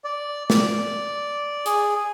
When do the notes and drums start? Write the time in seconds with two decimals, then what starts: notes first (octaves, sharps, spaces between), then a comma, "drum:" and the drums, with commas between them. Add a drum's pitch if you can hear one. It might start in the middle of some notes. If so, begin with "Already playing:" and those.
0.04 D5
0.50 D5, drum: snare
1.66 G#4, drum: hi-hat